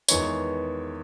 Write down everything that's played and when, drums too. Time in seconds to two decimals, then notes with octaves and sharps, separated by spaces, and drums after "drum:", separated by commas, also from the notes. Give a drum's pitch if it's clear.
0.08 E2 D#3 G#3 B3 C#5, drum: tambourine